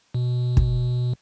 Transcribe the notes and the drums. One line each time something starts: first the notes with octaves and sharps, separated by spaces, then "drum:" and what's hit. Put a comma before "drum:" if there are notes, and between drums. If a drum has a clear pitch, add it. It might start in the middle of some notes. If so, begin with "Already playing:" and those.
B2
drum: kick